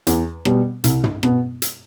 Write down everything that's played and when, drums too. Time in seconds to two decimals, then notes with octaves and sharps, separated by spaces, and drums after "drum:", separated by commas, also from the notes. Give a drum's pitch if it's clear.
0.07 E2, drum: hi-hat
0.45 B2 G3 B3, drum: rim click
0.84 C2, drum: hi-hat
1.04 drum: tom
1.23 B2 B3, drum: rim click
1.62 drum: hi-hat